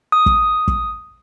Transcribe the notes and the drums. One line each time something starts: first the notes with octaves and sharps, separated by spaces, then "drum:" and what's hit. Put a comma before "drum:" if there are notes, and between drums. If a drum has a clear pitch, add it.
D#6
drum: kick
drum: kick